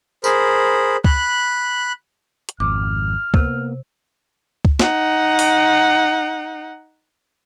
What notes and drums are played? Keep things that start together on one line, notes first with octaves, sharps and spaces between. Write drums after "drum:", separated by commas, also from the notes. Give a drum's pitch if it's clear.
G#4 A#4 C5 B5, drum: tambourine
B5 F#6, drum: kick C#2
drum: hi-hat
G#1 F2 D6 F6
C3 A#3 B3, drum: kick C#2
drum: kick C#2
D#4 F#5, drum: snare
drum: open hi-hat